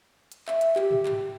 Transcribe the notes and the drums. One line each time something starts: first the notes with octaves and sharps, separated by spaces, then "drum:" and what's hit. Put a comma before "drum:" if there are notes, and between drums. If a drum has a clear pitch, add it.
drum: hi-hat
E5, drum: clap
drum: hi-hat
G4, drum: clap
drum: tom G#2
drum: clap